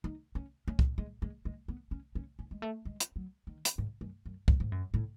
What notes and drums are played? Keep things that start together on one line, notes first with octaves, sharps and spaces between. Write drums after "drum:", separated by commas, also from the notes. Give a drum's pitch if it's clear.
D#4
C#4
C#4
drum: kick
G#3
G#3
G#3
B3
C#4
C#4
C#4
G#3
A3
G#3
drum: hi-hat
F#3
D#3
drum: hi-hat
G#2
F#2
F#2
F#2, drum: kick
G#2
F#2
A2